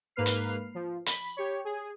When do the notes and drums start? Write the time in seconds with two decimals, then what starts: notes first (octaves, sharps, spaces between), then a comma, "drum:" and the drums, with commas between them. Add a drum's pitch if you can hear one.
0.16 G#2 A#3 B4 F6 C7
0.26 drum: hi-hat
0.74 F3
1.06 B5, drum: hi-hat
1.37 G4 C#5
1.65 G#4